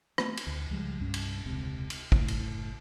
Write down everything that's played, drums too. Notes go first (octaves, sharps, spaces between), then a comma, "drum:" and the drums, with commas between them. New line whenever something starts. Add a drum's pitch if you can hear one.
A3 B3 C4, drum: rim click
drum: cymbal
D2
C#2 F3 G3 G#3
C2 G2 C#4
drum: cymbal
E1 C#2 C3
drum: cymbal
F#1 A2, drum: kick
drum: cymbal